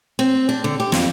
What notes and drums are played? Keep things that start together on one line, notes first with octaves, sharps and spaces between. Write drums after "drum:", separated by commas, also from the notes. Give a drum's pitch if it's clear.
C4
D4
D3
G4
F2, drum: snare